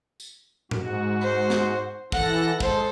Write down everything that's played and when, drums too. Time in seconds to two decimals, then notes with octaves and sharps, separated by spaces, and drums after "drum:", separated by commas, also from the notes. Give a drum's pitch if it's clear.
0.20 drum: tambourine
0.71 G#2 F#4, drum: tom A2
1.21 C5
1.50 drum: snare
2.12 E3 A4 F#5 A#6, drum: kick
2.60 G#3 A4 C5, drum: kick